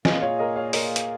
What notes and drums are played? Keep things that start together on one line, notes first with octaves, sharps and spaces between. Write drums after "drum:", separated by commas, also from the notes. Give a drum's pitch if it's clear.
A#2 A#3 F4 G#4 D#5 G#5, drum: snare
C#5 F5
A#4 D#5
C#5 F5
A#4 D#5, drum: open hi-hat
drum: hi-hat